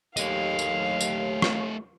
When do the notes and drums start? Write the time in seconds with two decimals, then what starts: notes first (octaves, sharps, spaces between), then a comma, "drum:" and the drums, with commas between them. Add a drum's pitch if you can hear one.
0.17 D#2 A3 D#5 F5, drum: tambourine
0.59 drum: tambourine
1.01 drum: tambourine
1.42 drum: rim click